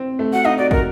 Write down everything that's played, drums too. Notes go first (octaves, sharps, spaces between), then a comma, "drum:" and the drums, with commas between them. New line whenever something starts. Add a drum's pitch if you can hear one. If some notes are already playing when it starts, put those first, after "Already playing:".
Already playing: C4
A3
F#4 F#5
D#4 D#5
F#4 D5
F#4 A#4, drum: kick